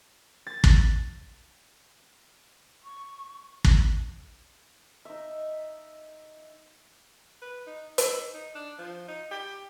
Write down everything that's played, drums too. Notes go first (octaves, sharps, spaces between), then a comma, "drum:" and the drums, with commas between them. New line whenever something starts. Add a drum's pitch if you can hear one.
A6
drum: kick
C#6
drum: kick
D#4 E5
B4
D#4
D#4, drum: hi-hat
D#4
D4
F3
D#4
G4